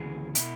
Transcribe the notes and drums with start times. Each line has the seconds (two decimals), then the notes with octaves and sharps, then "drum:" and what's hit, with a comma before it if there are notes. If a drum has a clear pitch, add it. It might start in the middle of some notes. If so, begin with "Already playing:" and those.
Already playing: D2 C#3 E3 G#4
0.35 B2 E4, drum: hi-hat